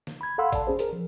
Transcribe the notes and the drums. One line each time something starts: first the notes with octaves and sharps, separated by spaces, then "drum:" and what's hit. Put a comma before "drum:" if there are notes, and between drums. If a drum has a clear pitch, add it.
drum: snare
B5 G#6
A4 F5 F#5 B5 C6 E6
D5 A5, drum: kick, hi-hat
C#4 G#4 C5
G#4 A#4, drum: hi-hat
F3